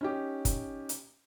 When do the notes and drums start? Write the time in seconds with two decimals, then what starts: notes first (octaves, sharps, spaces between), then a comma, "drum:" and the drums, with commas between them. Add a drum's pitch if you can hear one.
0.01 C#4 D#4 G4
0.45 drum: kick, hi-hat
0.89 drum: hi-hat